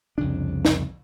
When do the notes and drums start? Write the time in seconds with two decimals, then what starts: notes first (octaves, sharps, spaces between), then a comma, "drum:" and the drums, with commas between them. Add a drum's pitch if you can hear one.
0.18 C2 F2 C#3 D4
0.65 drum: snare